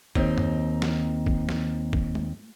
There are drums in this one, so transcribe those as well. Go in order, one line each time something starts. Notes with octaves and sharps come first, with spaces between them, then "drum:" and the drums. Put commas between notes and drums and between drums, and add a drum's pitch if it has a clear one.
D#2 C4 D#4, drum: kick
drum: tom F#2
drum: snare
drum: kick
drum: snare
drum: kick
drum: tom G#3